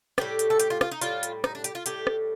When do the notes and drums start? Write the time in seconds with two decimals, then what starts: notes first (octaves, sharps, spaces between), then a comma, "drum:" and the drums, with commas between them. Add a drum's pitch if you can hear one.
0.18 A2 G3 G4, drum: rim click
0.39 drum: hi-hat
0.50 A4
0.60 G4, drum: hi-hat
0.70 F4
0.81 F4, drum: rim click
0.91 D#4
1.01 A2 G3 F4, drum: hi-hat
1.23 drum: hi-hat
1.44 D#4, drum: rim click
1.55 D4
1.64 G4, drum: hi-hat
1.75 F4
1.86 A2 G3 G4, drum: hi-hat
2.07 drum: rim click